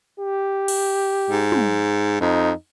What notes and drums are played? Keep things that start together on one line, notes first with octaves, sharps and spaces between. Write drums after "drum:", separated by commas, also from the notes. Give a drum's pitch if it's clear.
G4
drum: cymbal
G#2
drum: tom
F2 D#4